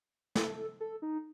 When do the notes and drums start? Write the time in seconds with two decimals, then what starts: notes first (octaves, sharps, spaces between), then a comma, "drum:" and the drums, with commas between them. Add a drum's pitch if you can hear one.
0.35 A4, drum: snare
0.80 A4
1.02 D#4